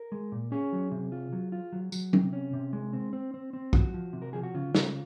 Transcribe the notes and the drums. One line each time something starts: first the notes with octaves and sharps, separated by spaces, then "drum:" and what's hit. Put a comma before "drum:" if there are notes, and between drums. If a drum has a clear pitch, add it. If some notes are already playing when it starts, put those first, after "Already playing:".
Already playing: A#4
G#3
A#2
C#4 G#4
F#3
C3
F4
F#3
F4
F#3
F#3, drum: tambourine
C3, drum: tom F#3
C#4
C3
G#3
C4
C4
C4
C4
F3 F#4, drum: kick
F3
C3
A#4
F3 G#4
F#4
C#3 F4
C#3, drum: snare